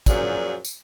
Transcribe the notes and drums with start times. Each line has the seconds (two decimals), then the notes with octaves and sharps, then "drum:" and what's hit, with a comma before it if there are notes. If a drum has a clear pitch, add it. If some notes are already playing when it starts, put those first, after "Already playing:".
0.06 F#2 A#2 F3 F#3 G#4 D5, drum: kick, tambourine
0.65 drum: tambourine